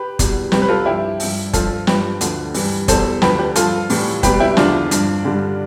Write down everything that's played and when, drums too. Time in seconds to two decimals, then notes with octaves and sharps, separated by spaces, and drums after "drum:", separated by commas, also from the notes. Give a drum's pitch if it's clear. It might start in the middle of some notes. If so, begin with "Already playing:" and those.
Already playing: G4 B4
0.19 E2 B2 G3, drum: kick F#1, hi-hat
0.52 C2 C3 G3 G4 B4, drum: snare
0.62 B4
0.68 F4 A4
0.85 G2 F3 E4 G4
1.20 G2 F3, drum: open hi-hat
1.53 G2 F3 F4 A4, drum: kick F#1, hi-hat
1.87 G2 F3 G4 B4, drum: snare
2.21 D2 D3 F3, drum: hi-hat
2.54 G2 E3 G3, drum: open hi-hat
2.88 E2 B2 G3 A4 C5, drum: kick F#1, hi-hat
3.22 D2 D3 F3 G4 B4, drum: snare
3.39 G4 B4
3.55 G2 F3 F4 A4, drum: hi-hat
3.90 A2 E3 G3, drum: open hi-hat
4.23 C2 B2 G3 G4 B4, drum: kick F#1, hi-hat
4.40 E4 G4
4.57 E2 D3 F3 D4 F4, drum: snare
4.91 G2 F3, drum: hi-hat
5.25 G2 D3 G3